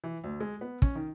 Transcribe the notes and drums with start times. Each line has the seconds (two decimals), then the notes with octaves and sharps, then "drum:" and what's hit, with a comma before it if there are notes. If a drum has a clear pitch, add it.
0.04 E3
0.24 D2
0.40 G#3
0.61 B3
0.82 C#4, drum: kick
0.95 D#3